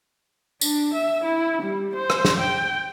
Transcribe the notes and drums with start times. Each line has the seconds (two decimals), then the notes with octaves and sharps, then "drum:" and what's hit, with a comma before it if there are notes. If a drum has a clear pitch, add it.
0.61 D4, drum: tambourine
0.93 E5
1.24 E4
1.62 G3
1.95 C5
2.10 drum: rim click
2.25 drum: snare
2.40 G5